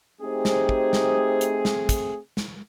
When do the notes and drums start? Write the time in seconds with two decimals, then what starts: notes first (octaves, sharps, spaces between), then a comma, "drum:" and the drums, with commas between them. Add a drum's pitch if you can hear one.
0.21 A3 C4 D#4 G4 G#4 C5
0.45 drum: snare
0.69 drum: kick
0.93 drum: snare
1.41 drum: hi-hat
1.65 drum: snare
1.89 drum: kick, hi-hat
2.37 drum: snare